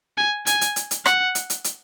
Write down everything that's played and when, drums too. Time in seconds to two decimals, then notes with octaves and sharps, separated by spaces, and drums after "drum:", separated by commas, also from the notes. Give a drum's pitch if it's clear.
0.17 G#5
0.47 G#5, drum: hi-hat
0.61 drum: hi-hat
0.76 drum: hi-hat
0.91 drum: hi-hat
1.06 F#5, drum: rim click
1.35 drum: hi-hat
1.50 drum: hi-hat
1.64 drum: hi-hat